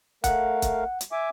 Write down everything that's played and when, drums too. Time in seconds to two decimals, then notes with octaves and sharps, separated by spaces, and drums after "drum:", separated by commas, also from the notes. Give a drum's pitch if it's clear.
0.24 A3 A#4 F5 F#5, drum: kick, hi-hat
0.62 drum: kick, hi-hat
1.01 drum: hi-hat
1.12 E5 G#5 D6